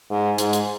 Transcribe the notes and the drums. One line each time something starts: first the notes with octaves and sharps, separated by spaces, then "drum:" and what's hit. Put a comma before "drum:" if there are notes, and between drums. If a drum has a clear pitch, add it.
G#2
G#2, drum: hi-hat
drum: hi-hat